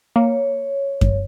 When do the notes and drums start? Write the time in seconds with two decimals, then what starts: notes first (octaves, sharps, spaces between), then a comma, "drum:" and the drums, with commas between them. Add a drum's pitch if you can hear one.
0.16 A#3 C#5
1.01 drum: kick F#2